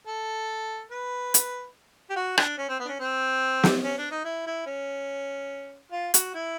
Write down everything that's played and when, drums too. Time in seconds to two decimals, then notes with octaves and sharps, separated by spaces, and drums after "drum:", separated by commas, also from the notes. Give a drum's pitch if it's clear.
0.07 A4
0.91 B4
1.34 drum: hi-hat
2.10 G4
2.16 F#4
2.38 D4, drum: rim click
2.58 C#4
2.69 C4
2.80 B3
2.85 D4
2.89 C#4
3.00 C4
3.63 drum: snare
3.84 C#4
3.98 D4
4.11 D#4
4.25 E4
4.47 E4
4.66 C#4
5.92 F4
6.14 F#4, drum: hi-hat
6.35 E4